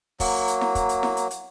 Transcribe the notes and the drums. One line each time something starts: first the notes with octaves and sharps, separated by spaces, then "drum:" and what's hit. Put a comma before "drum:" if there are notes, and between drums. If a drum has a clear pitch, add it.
F#3 A#3, drum: kick, open hi-hat
drum: hi-hat
drum: snare E4
drum: kick, hi-hat
drum: hi-hat
drum: snare E4
drum: hi-hat
drum: hi-hat